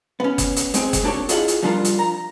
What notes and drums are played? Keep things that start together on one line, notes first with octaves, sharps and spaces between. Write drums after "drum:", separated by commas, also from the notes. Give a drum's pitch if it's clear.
B3 C#4
drum: kick F#1, hi-hat
drum: hi-hat
G#3 C4 G#4, drum: hi-hat
drum: kick F#1, hi-hat
A#3 D4 G4 A4 C#5
E4 F4 G#4 D#5 F#5, drum: hi-hat
drum: hi-hat
F3 G3 D4 F4 A#4
drum: hi-hat
A#5